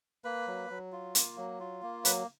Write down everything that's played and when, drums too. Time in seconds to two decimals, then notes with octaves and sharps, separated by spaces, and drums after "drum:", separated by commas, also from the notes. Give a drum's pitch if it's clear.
0.24 A#3 B4 B5
0.47 F#3
0.70 F#3
0.92 F4
1.15 A#3, drum: hi-hat
1.37 F#3
1.60 F4
1.83 A#3
2.05 F#3 B4 B5, drum: hi-hat